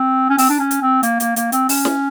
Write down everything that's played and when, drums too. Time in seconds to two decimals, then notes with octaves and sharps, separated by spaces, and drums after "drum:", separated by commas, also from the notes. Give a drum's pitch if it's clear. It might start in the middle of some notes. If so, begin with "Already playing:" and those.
Already playing: C4
0.30 C#4
0.38 C4, drum: open hi-hat
0.50 D4
0.59 C#4
0.71 drum: hi-hat
0.82 C4
1.03 A#3, drum: hi-hat
1.20 A#3, drum: hi-hat
1.36 A#3, drum: hi-hat
1.52 C4, drum: hi-hat
1.69 C#4, drum: open hi-hat
1.85 drum: snare